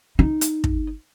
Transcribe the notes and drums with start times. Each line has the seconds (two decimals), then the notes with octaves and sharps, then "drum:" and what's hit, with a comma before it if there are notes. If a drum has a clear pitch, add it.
0.19 D#4
0.41 drum: hi-hat
0.64 drum: kick